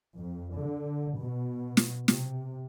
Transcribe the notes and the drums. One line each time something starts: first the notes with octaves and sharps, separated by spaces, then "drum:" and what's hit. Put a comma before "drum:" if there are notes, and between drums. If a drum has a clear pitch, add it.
F2
D3
B2
drum: snare
C3, drum: snare